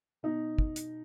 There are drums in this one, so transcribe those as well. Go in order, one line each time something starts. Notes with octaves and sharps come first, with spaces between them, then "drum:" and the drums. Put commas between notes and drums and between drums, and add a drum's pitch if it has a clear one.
B2 D#4
drum: kick
drum: hi-hat